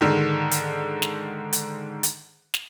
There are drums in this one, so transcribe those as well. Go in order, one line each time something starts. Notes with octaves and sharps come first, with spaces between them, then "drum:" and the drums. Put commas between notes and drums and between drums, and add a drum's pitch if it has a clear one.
G#2 D3 D#3
drum: hi-hat
drum: snare
drum: hi-hat
drum: hi-hat
drum: snare